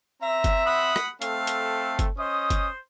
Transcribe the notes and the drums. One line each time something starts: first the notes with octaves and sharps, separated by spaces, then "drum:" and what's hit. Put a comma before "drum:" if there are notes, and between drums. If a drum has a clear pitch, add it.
C4 E5 A#5
drum: kick G1, hi-hat
F#5 B5 D#6
drum: rim click
A3 C4 A4 F5, drum: hi-hat
drum: hi-hat
drum: kick G1, hi-hat
C#4 C5 D#5 D#6
drum: kick G1, hi-hat